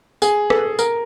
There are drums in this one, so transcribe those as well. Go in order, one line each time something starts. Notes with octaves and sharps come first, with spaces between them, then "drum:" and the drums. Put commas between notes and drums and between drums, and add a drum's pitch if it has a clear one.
G#4, drum: tambourine
A4, drum: rim click
A#4, drum: tambourine